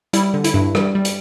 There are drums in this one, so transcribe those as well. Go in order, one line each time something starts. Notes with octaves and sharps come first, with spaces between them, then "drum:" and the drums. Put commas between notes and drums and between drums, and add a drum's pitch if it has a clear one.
G3 E4, drum: hi-hat
D3
E4, drum: hi-hat
G2
G3, drum: rim click
G3
drum: hi-hat